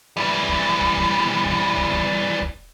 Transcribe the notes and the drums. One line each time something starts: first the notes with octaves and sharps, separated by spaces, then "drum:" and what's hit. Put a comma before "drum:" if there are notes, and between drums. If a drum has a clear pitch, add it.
E3 G3
drum: kick
drum: kick
drum: kick
drum: kick
drum: kick
drum: kick
drum: kick